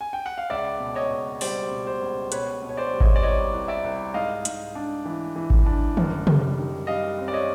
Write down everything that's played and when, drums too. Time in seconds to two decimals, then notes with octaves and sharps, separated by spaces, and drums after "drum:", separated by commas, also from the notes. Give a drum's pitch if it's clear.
0.01 G#5
0.13 G5
0.26 F#5
0.38 F5
0.50 C#2 D5 E5
0.80 B2
0.95 C#5 D#5
1.11 C#2
1.41 G3 C5 D5, drum: open hi-hat
1.71 B2
1.87 C5
2.02 C#2
2.32 B2 B4 C#5, drum: hi-hat
2.62 B2
2.69 C#5
2.77 C5 D5
2.93 G3
3.00 C#5 D#5, drum: kick G#1
3.16 D5
3.23 C2 C#5 D#5
3.54 C2
3.68 D5 E5
3.84 C2
4.14 G#2 D#5 F5
4.45 G#2, drum: hi-hat
4.75 D4
5.05 E3
5.36 E3
5.50 drum: kick G#1
5.66 D4
5.97 F#2, drum: tom
6.27 G3, drum: tom
6.58 D#3
6.87 G3 D#5 F5
7.18 C4
7.28 D5
7.33 C#5 D#5